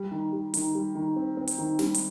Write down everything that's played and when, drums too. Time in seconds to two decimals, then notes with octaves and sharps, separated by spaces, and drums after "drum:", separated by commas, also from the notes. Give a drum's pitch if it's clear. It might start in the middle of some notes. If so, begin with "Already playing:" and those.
Already playing: G3
0.11 D#3
0.32 G3
0.54 D#3, drum: hi-hat
0.75 G3
0.95 D#3
1.16 C4
1.37 C4
1.47 drum: hi-hat
1.58 D#3
1.79 G3, drum: snare
1.94 drum: hi-hat